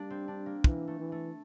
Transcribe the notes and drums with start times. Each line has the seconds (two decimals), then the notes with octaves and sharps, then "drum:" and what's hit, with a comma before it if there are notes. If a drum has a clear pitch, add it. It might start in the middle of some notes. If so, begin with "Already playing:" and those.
Already playing: G3 A#3 D4
0.10 C4
0.28 D4
0.46 A#3
0.64 E3, drum: kick
0.88 A3
0.99 E3
1.12 A3